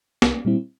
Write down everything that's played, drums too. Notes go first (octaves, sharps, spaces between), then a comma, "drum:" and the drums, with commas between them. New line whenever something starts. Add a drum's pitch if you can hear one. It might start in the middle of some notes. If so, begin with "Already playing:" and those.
C2, drum: snare
A#2 G3 C4 E4